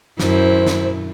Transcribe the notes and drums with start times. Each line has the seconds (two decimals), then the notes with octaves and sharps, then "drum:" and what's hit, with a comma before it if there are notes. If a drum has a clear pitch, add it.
0.20 F#2 E4 C5, drum: snare
0.67 drum: snare